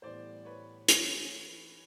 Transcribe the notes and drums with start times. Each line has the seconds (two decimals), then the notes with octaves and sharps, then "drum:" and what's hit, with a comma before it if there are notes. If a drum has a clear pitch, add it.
0.02 A2 E3 G3 B3 C5 D5
0.45 B4 C#5
0.88 E3 A3 C#4 F4 G#4 B4 C#5, drum: hi-hat